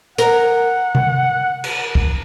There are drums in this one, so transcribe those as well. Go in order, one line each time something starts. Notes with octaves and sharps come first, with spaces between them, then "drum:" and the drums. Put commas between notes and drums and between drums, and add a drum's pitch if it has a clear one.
A#4 F#5, drum: hi-hat
drum: tom C3
drum: cymbal
drum: kick